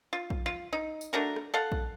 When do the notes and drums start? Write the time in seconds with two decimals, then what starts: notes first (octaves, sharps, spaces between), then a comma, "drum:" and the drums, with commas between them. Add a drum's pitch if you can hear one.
0.13 F4
0.30 drum: kick A#1
0.46 F4
0.73 D#4
1.01 drum: tambourine
1.13 A3 D4 F#4 A#4
1.36 drum: rim click
1.54 A4 F5 F#5
1.72 drum: kick A#1